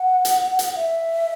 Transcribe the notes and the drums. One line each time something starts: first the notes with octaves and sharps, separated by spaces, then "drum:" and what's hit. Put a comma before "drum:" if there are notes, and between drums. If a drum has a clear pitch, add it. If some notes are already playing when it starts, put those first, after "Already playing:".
Already playing: F#5
drum: hi-hat
drum: hi-hat
E5